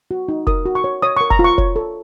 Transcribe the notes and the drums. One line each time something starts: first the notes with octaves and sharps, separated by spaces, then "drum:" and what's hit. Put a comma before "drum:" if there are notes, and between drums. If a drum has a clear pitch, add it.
F#4
D#4
A#4 D#6, drum: kick F1
F#4
C#6
C#5
C#5 D#6
C#6
A#4
A#5, drum: kick F1
F4
C#6
C#5, drum: kick F1
A4